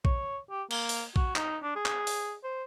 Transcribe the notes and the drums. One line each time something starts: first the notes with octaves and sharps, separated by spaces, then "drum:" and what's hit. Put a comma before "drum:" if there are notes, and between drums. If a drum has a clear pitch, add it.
C#5, drum: kick A#1
G4
A#3, drum: cymbal
drum: open hi-hat
F#4, drum: kick A#1
D#4, drum: clap
D4
G#4
drum: clap
drum: open hi-hat
C5